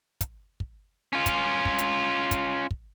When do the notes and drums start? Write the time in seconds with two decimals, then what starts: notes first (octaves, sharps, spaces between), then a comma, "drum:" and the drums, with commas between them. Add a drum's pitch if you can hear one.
0.21 drum: kick, hi-hat
0.60 drum: kick
1.13 C#4 F4
1.26 drum: kick, hi-hat
1.65 drum: kick
1.78 drum: hi-hat
2.31 drum: kick, hi-hat
2.71 drum: kick